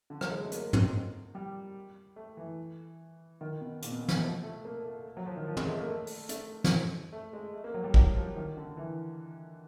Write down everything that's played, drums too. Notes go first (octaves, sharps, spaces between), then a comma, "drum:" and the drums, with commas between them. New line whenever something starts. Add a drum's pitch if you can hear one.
D3
F#3, drum: rim click
G#3
A3
A#3, drum: hi-hat
C4, drum: tom
G3
A3
E3
D#3
B2
A#2, drum: hi-hat
B2
A#2
C3, drum: snare
B2
F3
A3
A#3
A3
F#3
F3
D#3
F3
G#3, drum: tom
A3
A#3
A3
drum: open hi-hat
A3, drum: hi-hat
drum: snare
A3
G#3
A3
A#3
F#3
G3
F#3, drum: kick
F3
D#3
D3
E3